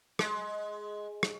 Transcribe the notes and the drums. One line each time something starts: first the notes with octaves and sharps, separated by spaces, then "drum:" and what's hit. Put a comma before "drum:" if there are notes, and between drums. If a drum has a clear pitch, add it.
G#3, drum: rim click
drum: rim click